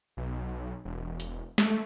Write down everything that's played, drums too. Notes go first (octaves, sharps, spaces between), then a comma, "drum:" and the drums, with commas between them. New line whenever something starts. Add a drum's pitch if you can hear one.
B1
E1
drum: hi-hat
A3, drum: snare